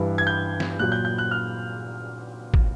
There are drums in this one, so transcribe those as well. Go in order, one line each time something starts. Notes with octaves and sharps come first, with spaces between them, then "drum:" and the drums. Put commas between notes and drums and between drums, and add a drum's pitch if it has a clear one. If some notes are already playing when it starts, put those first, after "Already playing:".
Already playing: G2 E3
G#6
G6
drum: snare
A#2 F#3 F#6
G6
G6
F#6
F6
drum: kick